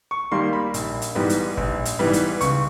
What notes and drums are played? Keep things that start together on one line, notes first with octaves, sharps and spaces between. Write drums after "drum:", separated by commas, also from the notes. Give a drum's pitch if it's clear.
C#6
D#3 G3 A#3 C6
B5
A#1, drum: hi-hat
drum: hi-hat
G#2 E3 G3 B3
drum: hi-hat
A#1, drum: kick
drum: hi-hat
G#2 E3 G3 B3
drum: hi-hat
C#2 C#6, drum: hi-hat